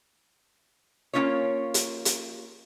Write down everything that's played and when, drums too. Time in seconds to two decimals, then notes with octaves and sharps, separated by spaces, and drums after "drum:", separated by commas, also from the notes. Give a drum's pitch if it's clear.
1.13 A#3 C4 C#4 F4 C#5
1.74 drum: hi-hat
2.05 drum: hi-hat